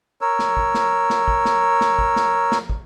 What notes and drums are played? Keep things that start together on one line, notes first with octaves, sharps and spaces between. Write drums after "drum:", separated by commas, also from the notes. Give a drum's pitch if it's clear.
A#4 C#5 E6
drum: snare
drum: kick
drum: snare
drum: snare
drum: kick
drum: snare
drum: snare
drum: kick
drum: snare
drum: snare
drum: kick